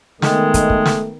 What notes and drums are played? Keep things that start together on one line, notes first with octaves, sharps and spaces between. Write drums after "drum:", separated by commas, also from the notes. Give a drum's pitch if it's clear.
D#3 G#3 A3 B3 D#4 D#5 G5, drum: snare
drum: kick, hi-hat
drum: kick
drum: snare